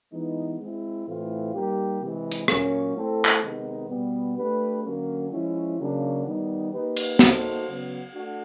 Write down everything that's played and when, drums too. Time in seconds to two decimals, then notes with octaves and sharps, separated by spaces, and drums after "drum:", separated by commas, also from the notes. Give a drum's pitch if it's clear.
0.12 E3 G#3 B3 D#4
0.60 G#3 C4 E4
1.07 A2 E3 A3 C4 F4
1.53 G3 A#3 D#4 G4
2.01 C3 E3 G#3
2.32 drum: hi-hat
2.48 A#2 F#3 A#3 C#4, drum: rim click
2.95 A3 C4 E4 A4
3.25 drum: clap
3.42 C3 D#3 G#3 B3 D#4
3.89 B2 G3 B3
4.37 A3 D4 G4 B4
4.84 D3 F#3 A#3 C#4
5.31 F3 G#3 C#4 E4
5.79 C#3 F#3 A#3 D4
6.25 D#3 G3 B3 D#4
6.73 A#3 D#4 G4 B4
6.97 drum: cymbal
7.19 A#3 D#4 F#4 A4 C5, drum: snare
7.67 C#3 F#3 B3
8.13 A3 D4 F#4